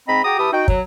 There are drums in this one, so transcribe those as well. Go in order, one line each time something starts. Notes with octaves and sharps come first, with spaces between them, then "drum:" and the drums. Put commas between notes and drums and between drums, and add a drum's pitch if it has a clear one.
G#2 C4 D#5 A#5 B5
F#4 G#4 G5 A#5 D6 D#6
E3 G4 E5 A5 B5 D#6
D#4 F#4 G5
F#3, drum: kick